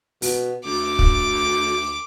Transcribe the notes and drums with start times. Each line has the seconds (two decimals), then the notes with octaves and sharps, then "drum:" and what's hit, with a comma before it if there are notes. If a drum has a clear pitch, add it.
0.22 B2, drum: open hi-hat
0.66 D2 D6
0.99 drum: kick